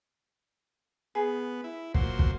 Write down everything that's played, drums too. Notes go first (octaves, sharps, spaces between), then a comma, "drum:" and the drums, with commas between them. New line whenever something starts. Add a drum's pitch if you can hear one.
B3 G#4
E4
A#2 F#3 C5, drum: kick
drum: kick